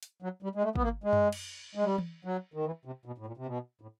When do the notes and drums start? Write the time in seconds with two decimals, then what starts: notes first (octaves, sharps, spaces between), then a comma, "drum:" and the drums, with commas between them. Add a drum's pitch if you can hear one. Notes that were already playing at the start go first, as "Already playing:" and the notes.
0.03 drum: hi-hat
0.22 F#3
0.42 G3
0.55 G#3
0.63 A3
0.75 B3, drum: kick
0.83 A#3
1.04 G#3
1.13 drum: tom F#2
1.32 drum: cymbal
1.75 G#3
1.84 G3
1.98 drum: tom E3
2.25 F#3
2.54 D#3
2.65 E3
2.85 C3
3.06 B2
3.18 A2
3.26 A#2
3.37 C3
3.46 B2
3.81 A2